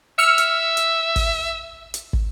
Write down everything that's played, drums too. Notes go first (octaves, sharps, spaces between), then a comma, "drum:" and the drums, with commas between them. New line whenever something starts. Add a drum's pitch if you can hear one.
E5 E6 F6 C#7
drum: hi-hat
drum: hi-hat
drum: kick, open hi-hat
drum: hi-hat
drum: kick